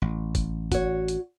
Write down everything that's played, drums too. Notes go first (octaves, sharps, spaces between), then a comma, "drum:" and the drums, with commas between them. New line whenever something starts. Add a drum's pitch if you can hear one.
A1
drum: kick G1, hi-hat
F#4 C#5, drum: kick G1, hi-hat
drum: hi-hat